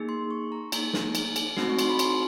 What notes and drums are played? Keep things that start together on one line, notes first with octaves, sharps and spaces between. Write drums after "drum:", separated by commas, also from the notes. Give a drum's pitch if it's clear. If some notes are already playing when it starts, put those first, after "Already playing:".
Already playing: A#3 D#4 G#4
C6
C#6
A#5
A#3 D#4 G#4 A#5, drum: cymbal
drum: snare
drum: cymbal
drum: cymbal
A3 C4 D#4 F#4, drum: snare
C#6
C6, drum: cymbal
B5
C6, drum: cymbal